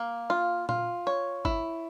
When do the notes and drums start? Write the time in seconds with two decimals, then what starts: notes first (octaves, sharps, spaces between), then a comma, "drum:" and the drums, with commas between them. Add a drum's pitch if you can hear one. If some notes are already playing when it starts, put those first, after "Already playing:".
Already playing: A#3
0.30 F4
0.69 F4, drum: tom A#2
1.07 C#5
1.45 E4, drum: kick G1